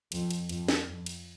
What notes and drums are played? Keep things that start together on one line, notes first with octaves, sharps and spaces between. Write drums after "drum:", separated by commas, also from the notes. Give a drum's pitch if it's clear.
F2, drum: cymbal
drum: cymbal
F2, drum: cymbal
drum: snare
F2
drum: cymbal